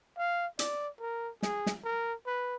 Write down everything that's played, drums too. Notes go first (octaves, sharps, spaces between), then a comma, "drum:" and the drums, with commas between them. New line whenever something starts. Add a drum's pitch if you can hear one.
F5
D5, drum: hi-hat
A#4
G#4, drum: snare
drum: snare
A#4
B4